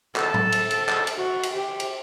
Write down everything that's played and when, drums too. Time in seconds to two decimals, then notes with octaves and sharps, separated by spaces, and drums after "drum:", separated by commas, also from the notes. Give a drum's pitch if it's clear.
0.16 A4 A5, drum: clap
0.34 drum: tom A2
0.52 drum: cymbal
0.71 drum: cymbal
0.89 drum: clap
1.07 drum: cymbal
1.18 F#4
1.43 drum: cymbal
1.54 G4
1.80 drum: cymbal